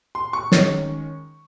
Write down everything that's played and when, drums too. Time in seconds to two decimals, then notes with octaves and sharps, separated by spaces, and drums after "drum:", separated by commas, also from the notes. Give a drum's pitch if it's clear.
0.15 C6
0.33 C#6
0.52 D#3 G#3 C#4, drum: snare